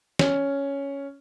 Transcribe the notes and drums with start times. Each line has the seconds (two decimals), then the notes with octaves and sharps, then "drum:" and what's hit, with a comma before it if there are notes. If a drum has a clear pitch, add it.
0.19 C#4, drum: snare